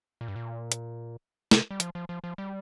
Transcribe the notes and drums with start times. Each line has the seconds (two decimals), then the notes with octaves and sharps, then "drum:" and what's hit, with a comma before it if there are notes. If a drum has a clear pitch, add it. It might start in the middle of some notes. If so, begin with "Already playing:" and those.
0.21 A#2
0.28 G2
0.36 A#2
0.72 drum: hi-hat
1.51 C3, drum: snare
1.71 G3
1.80 F3, drum: hi-hat
1.95 F3
2.09 F3
2.24 F3
2.38 G3